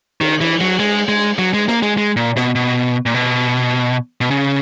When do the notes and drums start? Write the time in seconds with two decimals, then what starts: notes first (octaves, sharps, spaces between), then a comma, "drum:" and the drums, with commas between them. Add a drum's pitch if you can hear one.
0.21 D#3, drum: cymbal
0.41 E3
0.61 F#3
0.80 G#3
1.09 G#3
1.38 F#3
1.54 G#3
1.68 A#3, drum: snare
1.82 G#3
1.97 G#3
2.16 A#2
2.36 B2, drum: snare
2.55 B2
3.06 A#2
3.14 B2
4.21 B2
4.30 C#3